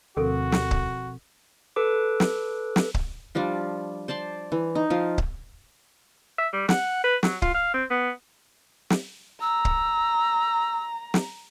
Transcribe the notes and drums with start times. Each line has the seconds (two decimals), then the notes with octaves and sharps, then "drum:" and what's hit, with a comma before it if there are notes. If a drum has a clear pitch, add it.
0.17 D2 B2 F3 C4 F#4 A4 A#4
0.52 drum: snare
0.71 drum: kick C#1
1.76 A4 B4 D6
2.20 drum: snare
2.76 drum: snare
2.94 drum: kick C#1
3.35 F3 G3 D4 F4
4.08 C5 D5 A5 C6
4.52 E3
4.75 D#4
4.90 F3 F4
5.18 drum: kick C#1
6.38 E5
6.53 G3
6.69 F#5, drum: snare
7.04 B4
7.23 F#3, drum: snare
7.42 F4, drum: kick C#1
7.55 F5
7.74 C4
7.91 B3
8.90 drum: snare
9.41 A#5 E6
9.65 drum: kick C#1
11.14 drum: snare